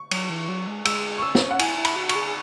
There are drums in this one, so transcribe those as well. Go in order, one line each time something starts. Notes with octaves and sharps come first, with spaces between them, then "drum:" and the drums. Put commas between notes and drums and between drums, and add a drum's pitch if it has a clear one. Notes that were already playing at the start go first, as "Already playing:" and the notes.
Already playing: C#6
F#3, drum: cymbal
E3
F#3
G#3
G#3 E6, drum: cymbal
C#6
C#4 E6
drum: snare
F#5
E4 G#5, drum: cymbal
E4
B5, drum: cymbal
F#4
C#6, drum: cymbal
G#4
G#4